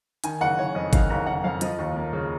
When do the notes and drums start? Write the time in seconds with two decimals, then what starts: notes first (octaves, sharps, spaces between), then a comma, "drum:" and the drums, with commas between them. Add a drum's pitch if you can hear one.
0.24 D#3 G#5, drum: hi-hat
0.41 F#1 F#5
0.58 F#1 C#5
0.75 F2 D#5
0.93 D#3 F5, drum: kick G1, hi-hat
1.09 F#1 A#5
1.26 F#1 F#5
1.44 F2 F5
1.61 F3 D#5, drum: hi-hat
1.79 D#2
1.96 A#3
2.13 C#3